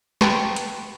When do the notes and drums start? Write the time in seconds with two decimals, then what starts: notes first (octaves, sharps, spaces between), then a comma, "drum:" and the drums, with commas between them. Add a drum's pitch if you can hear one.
0.21 B4 G5 A5 A#5 C6 C#6, drum: snare
0.56 drum: hi-hat